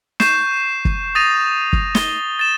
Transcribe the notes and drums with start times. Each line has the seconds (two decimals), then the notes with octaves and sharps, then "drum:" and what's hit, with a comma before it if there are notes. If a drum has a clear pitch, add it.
0.20 C#6 G6 C7 E7, drum: snare
0.85 drum: kick
1.15 D#6 A6 A#6 D#7 F7
1.73 drum: kick
1.95 G7, drum: snare
2.39 A6 E7